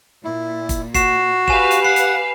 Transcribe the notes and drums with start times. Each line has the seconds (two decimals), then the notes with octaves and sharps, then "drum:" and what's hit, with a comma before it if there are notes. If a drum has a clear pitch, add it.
0.25 A#2 E4
0.69 drum: kick, hi-hat
0.95 F#4 C7 E7, drum: kick, hi-hat
1.48 G4 B4 F5 G#5 E7, drum: kick
1.71 drum: hi-hat
1.85 F#5 C7
1.96 drum: hi-hat